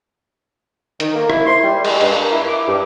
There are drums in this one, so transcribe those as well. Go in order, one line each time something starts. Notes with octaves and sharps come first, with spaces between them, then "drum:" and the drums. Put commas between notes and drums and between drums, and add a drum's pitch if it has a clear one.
D#3, drum: hi-hat
A#3
E4, drum: rim click
C6
G3
G#3, drum: cymbal
G2, drum: cymbal
A#3
E4
D6
G2